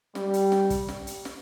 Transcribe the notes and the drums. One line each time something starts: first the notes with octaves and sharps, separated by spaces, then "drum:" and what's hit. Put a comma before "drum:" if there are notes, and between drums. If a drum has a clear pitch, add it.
G3, drum: snare
drum: hi-hat
drum: snare
drum: kick, hi-hat
drum: snare
drum: hi-hat
drum: snare